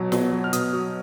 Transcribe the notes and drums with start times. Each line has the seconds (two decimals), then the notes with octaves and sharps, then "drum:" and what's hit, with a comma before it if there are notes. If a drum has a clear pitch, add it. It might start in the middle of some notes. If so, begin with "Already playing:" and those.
Already playing: B2 F#3
0.12 B2, drum: snare
0.33 F#3
0.44 F6
0.53 B2 D#6, drum: hi-hat
0.73 F#3